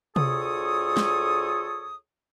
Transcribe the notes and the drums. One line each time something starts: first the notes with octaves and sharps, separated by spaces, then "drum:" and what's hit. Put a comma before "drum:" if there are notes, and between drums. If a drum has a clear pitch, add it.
D2 F4 G#4 A4 C#5 D#6, drum: tom C3
drum: snare